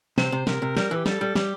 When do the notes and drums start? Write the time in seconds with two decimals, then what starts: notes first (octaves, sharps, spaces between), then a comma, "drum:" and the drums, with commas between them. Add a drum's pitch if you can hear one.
0.18 C3 C5, drum: snare
0.32 C3
0.47 C3 A#4, drum: snare
0.62 C3
0.77 G3 A#4, drum: snare
0.91 E3 G4
1.06 G3 A4, drum: snare
1.21 G3
1.35 G3 G4, drum: snare